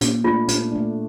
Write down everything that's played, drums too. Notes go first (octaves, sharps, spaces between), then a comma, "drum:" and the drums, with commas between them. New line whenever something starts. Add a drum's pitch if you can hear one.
A#2, drum: hi-hat
A3 D4 F4
A#2, drum: hi-hat
A3 D4